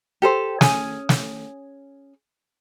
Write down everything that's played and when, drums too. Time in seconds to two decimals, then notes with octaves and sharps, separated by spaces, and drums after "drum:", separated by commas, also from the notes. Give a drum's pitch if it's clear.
0.22 G4 A4 C5
0.61 C#4 G#4 G#5, drum: snare
1.09 drum: snare